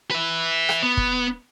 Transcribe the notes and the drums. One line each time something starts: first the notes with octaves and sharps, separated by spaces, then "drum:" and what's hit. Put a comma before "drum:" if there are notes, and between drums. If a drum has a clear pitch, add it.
B4 E5
drum: rim click
B3
drum: kick